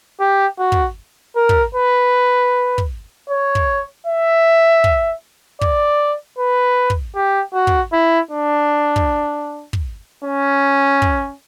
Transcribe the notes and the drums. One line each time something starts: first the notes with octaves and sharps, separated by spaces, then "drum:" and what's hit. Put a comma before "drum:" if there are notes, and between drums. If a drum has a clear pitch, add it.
G4
F#4
drum: kick
A#4
drum: kick
B4
drum: kick
C#5
drum: kick
E5
drum: kick
D5, drum: kick
B4
drum: kick
G4
F#4
drum: kick
E4
D4
drum: kick
drum: kick
C#4
drum: kick